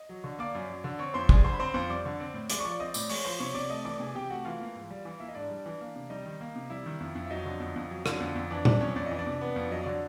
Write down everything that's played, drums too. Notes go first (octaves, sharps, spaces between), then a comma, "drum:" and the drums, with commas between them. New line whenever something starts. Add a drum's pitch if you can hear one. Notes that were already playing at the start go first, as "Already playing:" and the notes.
Already playing: D#5
F#3
D3
A#3 D5 D6
F#2
F#3
D3
C4 C#5 C#6
F2 C5 C6
G3 G#4 G#5, drum: kick
D3 C5 C6
B5
C4 C5 C6
F2 C5 C6
G3 D5 D6
D3
C4
A2
G#3 D5 D6, drum: hi-hat
C#6
F3 D5 D6
C4 D#5 D#6
A2 D5 D6, drum: tambourine
G#3 C#5 C#6, drum: open hi-hat
F3 C5 C6
C3 C#5 C#6
C3 D5 D6
A3 D#5 D#6
E3 D5 D6
C3 G#4 G#5
C3 G4 G5
A3 F#4 F#5
E3 F4 F5
A#3
G#2
G3
E3
A#3 E4 E5
D#5
G#2 D4 D5
G3
E3
A#3
C3
G3 D#4 D#5
D#3
A#3
C3
G3 E4 E5
D#3
F2
F2
E5
F#3 D#4 D#5
D3
F2
F2
F#3
D3, drum: rim click
F2
F2
E3 D4 D5
C3 D4 D5, drum: tom A#2
F2 C#4 C#5
F2 D5
E3 D#5
D4 D5
C3
B3
F2
F#3 D#5
D3 D5